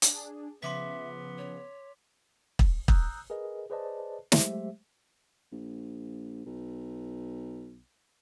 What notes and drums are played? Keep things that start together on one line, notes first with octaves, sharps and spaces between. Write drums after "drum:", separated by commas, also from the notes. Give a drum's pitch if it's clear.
D4 G#4, drum: hi-hat
C#3 F3 B3 E5 C6 D6 B6
C#5
drum: kick
A#5 D#6 E6 F#6 G6, drum: kick
G#4 A#4 B4 D#5
G#4 B4 C5 D5 D#5 A5
F#3 G#3 A3 G4 C5 E5, drum: snare
A#1
B1